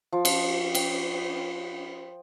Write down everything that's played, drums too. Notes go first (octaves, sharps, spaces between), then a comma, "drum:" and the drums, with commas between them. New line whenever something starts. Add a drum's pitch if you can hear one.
F3
drum: cymbal
G5, drum: cymbal